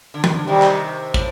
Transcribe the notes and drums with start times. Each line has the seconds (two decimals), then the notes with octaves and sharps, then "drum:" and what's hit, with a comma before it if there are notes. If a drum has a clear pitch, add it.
0.14 D3
0.24 D#3, drum: tom
0.34 D3
0.47 C3 D#3 G3
0.62 drum: clap
1.14 A2, drum: kick